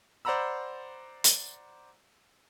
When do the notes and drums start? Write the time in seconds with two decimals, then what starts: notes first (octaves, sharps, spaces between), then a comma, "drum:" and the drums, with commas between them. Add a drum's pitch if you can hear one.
0.25 C5 D5 F#5 A#5 B5 E6
1.24 drum: hi-hat